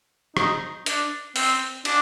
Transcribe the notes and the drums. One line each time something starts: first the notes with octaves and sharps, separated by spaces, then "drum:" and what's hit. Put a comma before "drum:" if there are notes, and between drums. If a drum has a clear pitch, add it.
D#4, drum: rim click
D4, drum: hi-hat
C4, drum: open hi-hat
D4, drum: cymbal